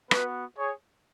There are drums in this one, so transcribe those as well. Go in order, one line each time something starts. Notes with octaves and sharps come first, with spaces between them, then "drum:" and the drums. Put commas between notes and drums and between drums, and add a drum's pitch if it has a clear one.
B3 F#4 B4, drum: rim click
G#4 C#5